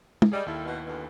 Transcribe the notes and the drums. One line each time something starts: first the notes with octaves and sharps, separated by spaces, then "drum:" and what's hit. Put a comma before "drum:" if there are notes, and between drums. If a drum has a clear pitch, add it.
drum: tom
G3 G#4 D5 D#5
D#2 G3 E4 A4
B2
D2 B2